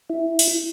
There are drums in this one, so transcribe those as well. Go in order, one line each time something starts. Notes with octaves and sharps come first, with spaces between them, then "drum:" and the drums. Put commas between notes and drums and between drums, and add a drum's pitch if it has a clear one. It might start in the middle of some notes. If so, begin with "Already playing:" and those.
E4
drum: open hi-hat